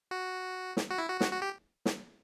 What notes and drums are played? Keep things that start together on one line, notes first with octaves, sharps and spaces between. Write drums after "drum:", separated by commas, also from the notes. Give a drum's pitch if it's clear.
F#4
drum: snare
F#4
E4
F#4
F#4, drum: snare
F#4
G4
drum: snare